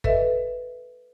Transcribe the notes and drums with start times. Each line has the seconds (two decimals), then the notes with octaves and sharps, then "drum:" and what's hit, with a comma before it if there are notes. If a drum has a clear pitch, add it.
0.04 A4 B4 D#5 E5, drum: kick